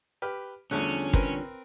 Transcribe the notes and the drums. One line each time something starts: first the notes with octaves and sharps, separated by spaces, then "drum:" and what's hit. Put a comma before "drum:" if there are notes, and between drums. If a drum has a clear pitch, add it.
G4 B4 F6
E2 D3 F3 G3 A3 C#4 F#6
C4 A#4 B4, drum: kick